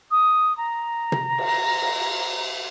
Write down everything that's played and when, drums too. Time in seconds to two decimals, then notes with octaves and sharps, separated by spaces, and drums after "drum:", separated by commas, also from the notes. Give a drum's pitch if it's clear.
0.11 D#6
0.58 A#5
1.12 drum: tom
1.38 drum: cymbal
1.82 drum: cymbal